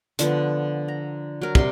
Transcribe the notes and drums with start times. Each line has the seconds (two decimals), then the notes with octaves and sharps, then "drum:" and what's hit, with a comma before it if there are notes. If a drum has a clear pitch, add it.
0.19 D3 F3 B3, drum: hi-hat
0.88 A#5
1.42 F#3 A#4
1.55 C3 G3 C6, drum: kick